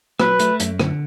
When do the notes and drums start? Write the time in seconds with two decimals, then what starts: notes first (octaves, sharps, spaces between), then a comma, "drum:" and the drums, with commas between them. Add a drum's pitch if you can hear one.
0.20 F#3 B4, drum: rim click
0.39 A3, drum: hi-hat
0.60 F#2, drum: hi-hat
0.80 D3, drum: rim click